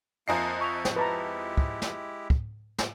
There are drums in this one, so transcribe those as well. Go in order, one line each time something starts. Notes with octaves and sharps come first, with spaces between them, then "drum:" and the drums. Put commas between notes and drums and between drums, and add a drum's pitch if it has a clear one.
F2 A#3 F4 D#5 E5 G#5 A#5 C7
E5 G#5 A#5 C#6 F7
drum: snare
G#3 E4 G4 B4 A5 A#5
drum: kick
drum: snare
drum: kick
drum: snare